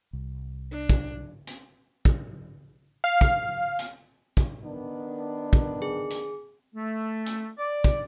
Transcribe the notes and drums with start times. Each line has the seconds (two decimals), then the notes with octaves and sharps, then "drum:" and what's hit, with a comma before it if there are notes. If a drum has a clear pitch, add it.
0.13 C2
0.71 D4
0.89 drum: kick, hi-hat
1.47 drum: hi-hat
2.05 drum: kick, hi-hat
3.04 F5
3.21 drum: kick, hi-hat
3.79 drum: hi-hat
4.37 drum: kick, hi-hat
4.65 D#3 B3 D4
5.53 drum: kick, hi-hat
5.82 G#4
6.11 drum: hi-hat
6.75 A3
7.27 drum: hi-hat
7.58 D5
7.84 drum: kick, hi-hat